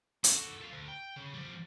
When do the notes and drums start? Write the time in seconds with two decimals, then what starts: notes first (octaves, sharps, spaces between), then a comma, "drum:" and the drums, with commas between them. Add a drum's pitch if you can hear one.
0.24 F#4 A4, drum: hi-hat
0.61 A4 F5
0.73 D2
0.88 G5
1.16 C#3
1.34 F3 G3